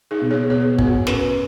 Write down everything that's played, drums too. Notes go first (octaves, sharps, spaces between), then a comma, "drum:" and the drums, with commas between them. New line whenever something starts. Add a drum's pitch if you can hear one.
D#4 G#4
B2
G#4 C#5
B2 G#4 C#5
B3 F#4, drum: kick
C#4 B4, drum: snare